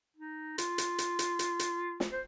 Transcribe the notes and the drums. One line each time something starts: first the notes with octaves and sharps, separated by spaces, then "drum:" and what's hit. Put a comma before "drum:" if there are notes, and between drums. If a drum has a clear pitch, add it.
D#4
F4, drum: hi-hat
drum: hi-hat
drum: hi-hat
drum: hi-hat
drum: hi-hat
drum: hi-hat
drum: snare
C5